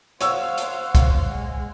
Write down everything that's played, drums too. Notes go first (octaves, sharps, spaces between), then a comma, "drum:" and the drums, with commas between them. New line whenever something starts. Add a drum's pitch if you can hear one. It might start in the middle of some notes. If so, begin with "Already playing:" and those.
C5 C#5 F5 F#5 E6, drum: hi-hat
drum: hi-hat
drum: kick B1, hi-hat
G#3